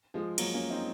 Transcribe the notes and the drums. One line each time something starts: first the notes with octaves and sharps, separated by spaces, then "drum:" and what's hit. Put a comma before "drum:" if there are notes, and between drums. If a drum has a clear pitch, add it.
F3 G#3
F#3 A#3, drum: cymbal
A#3 C#4
C4 D#4